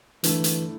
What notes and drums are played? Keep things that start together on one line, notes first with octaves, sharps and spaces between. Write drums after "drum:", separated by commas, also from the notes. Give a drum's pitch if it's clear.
G2 D3 E3 A3 E4, drum: hi-hat
drum: hi-hat